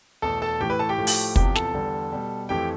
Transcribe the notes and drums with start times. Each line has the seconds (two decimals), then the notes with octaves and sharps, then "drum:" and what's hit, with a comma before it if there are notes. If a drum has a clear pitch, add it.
0.22 E2 B2 A3 A4 A5
0.42 A4 A5
0.60 A2 E3 A3 G4 G5
0.70 B4
0.79 A4 A5
0.89 G4 G5
0.98 A2 F3 A3
1.07 drum: open hi-hat
1.36 E2 C3 F3 G4 G5, drum: kick
1.55 A4 A5, drum: snare
1.74 E2 D3 G3
2.12 B2 G3
2.49 F2 E3 A3 G4 G5